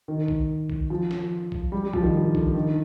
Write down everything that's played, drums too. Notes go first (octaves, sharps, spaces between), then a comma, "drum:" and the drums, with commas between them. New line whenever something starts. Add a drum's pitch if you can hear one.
D#3
drum: kick
drum: kick
F3
drum: snare
drum: kick
G3
G3
F3, drum: kick
D#3
D#3
D3, drum: kick
D#3